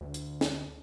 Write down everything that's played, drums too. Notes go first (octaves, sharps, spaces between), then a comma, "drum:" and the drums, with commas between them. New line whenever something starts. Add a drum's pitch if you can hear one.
D2
drum: hi-hat
drum: snare